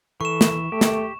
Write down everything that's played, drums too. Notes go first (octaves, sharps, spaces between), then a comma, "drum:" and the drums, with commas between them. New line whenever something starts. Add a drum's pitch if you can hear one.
E3 A4 C#6 E7
drum: snare
A3 G4
drum: snare